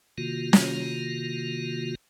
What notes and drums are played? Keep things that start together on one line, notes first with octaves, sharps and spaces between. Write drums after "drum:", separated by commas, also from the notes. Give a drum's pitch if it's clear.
C3 D#3 A#3 F4 F#4
drum: snare